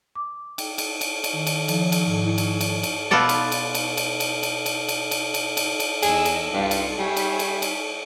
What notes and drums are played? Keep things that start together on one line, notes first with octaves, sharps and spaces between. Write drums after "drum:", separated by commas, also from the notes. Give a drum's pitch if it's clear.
D6
G5, drum: cymbal
drum: cymbal
drum: cymbal
drum: cymbal
D#3
drum: cymbal
F3, drum: cymbal
C#5
drum: cymbal
G#2
E4
drum: cymbal
drum: cymbal
drum: cymbal
B2 B3 F4 A4 D5
drum: cymbal
drum: cymbal
drum: cymbal
drum: cymbal
drum: cymbal
drum: cymbal
drum: cymbal
drum: cymbal
drum: cymbal
drum: cymbal
drum: cymbal
drum: cymbal
E2 G#4 D#5 E6, drum: cymbal
drum: cymbal
C2 G2 F4 C#7
drum: cymbal
G3 G#4 C#5 E5
drum: cymbal
drum: cymbal
drum: cymbal